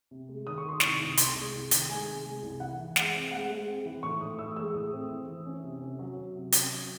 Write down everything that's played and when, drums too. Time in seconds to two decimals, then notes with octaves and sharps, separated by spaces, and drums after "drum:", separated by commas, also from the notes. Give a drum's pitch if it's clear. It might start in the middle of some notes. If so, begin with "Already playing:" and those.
0.11 C3
0.29 G#3
0.46 D#3 D#6
0.58 C#6
0.64 D#3 C6
0.80 C2 C#6, drum: snare
1.00 C2
1.17 C2 C6, drum: hi-hat
1.36 G#3
1.53 C2
1.71 D#3, drum: hi-hat
1.89 G#3 G#5
2.07 C3
2.25 G#3
2.43 C2
2.60 E3 F#5
2.79 E3
2.96 G#3 F#5, drum: snare
3.14 C4
3.31 G#3 F#5
3.50 G#3
3.68 C4
3.86 E3
4.03 A2 C#6
4.21 A2 D#6
4.39 E3 E6
4.56 G#3 E6
4.74 A2 D#6
4.93 C4
5.11 E3
5.28 E3
5.46 C#4
5.64 C3
5.81 C#4
5.99 F#3
6.17 F#3
6.35 C3
6.52 C#4, drum: hi-hat
6.71 F#3